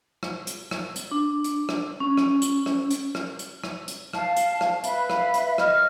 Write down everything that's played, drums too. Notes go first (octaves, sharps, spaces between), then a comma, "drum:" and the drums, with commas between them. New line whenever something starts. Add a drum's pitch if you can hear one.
drum: rim click
drum: hi-hat
drum: rim click
drum: hi-hat
D4
drum: hi-hat
drum: rim click
C#4
drum: rim click
drum: hi-hat
drum: rim click
drum: hi-hat
drum: rim click
drum: hi-hat
drum: rim click
drum: hi-hat
F5 A5, drum: rim click
drum: hi-hat
drum: rim click
B4 E5 F5 B5, drum: hi-hat
drum: rim click
drum: hi-hat
D#5 F6, drum: rim click